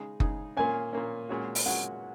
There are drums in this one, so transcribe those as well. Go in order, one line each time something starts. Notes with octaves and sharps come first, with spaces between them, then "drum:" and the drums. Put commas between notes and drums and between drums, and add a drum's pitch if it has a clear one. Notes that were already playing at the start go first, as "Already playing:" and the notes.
Already playing: C#3 G#3 D#4 G#4
C#3 G#3 D#4 G#4, drum: kick F#1
A#2 A#3 C#4 G#5
A#2 A#3 C#4
A#2 G#3 C#4 F#4
drum: open hi-hat
A#2 G#3 C#4 F#4 F#5